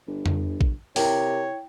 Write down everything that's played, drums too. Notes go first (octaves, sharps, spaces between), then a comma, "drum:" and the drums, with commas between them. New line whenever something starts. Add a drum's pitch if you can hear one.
G1
drum: tom F2
drum: kick
C3 E4 A#4 C#5 G5, drum: open hi-hat